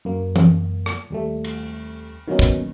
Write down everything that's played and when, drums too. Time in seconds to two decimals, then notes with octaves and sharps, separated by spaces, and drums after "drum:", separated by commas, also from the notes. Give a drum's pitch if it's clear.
0.05 F#2 A#3
0.36 drum: tom E3
0.86 drum: rim click
1.10 D#2 G3 A3
1.44 drum: cymbal
2.28 D#3 F#3 A#3 B3 C#4 D#4
2.39 drum: kick